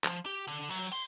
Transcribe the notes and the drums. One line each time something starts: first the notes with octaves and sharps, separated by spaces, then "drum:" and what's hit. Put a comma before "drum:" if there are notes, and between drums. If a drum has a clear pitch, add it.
F3, drum: clap
G4
D3
F#3, drum: open hi-hat
C6